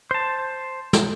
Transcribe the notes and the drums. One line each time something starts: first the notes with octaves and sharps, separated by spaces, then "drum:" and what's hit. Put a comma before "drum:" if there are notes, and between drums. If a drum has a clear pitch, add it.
C5 A5
drum: snare